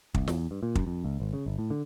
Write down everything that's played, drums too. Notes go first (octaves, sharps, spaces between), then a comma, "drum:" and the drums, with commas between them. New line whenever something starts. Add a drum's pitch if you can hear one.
C2, drum: kick
E2, drum: snare
G2
A#2
F#2, drum: kick
F2
C#2
G#1
C#3
G1
A2
D3